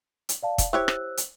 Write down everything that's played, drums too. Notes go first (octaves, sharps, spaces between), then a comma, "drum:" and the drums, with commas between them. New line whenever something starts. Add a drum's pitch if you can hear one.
drum: hi-hat
D5 F5 A5
drum: kick, hi-hat
E4 G4 C5 C#5 E6 F#6
drum: rim click
drum: hi-hat